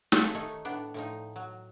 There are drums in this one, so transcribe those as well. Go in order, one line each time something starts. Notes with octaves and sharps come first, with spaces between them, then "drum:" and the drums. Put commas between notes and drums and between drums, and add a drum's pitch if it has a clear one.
C#3 C4 G4 A4 C#5 D#5, drum: snare
D#3 A3 D#4 C#5
A2 B3 D4
A2 F3 D#4
F#3